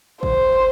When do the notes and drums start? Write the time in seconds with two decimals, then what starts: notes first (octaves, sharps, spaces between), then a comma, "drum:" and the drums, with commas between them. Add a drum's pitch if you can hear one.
0.23 C5, drum: kick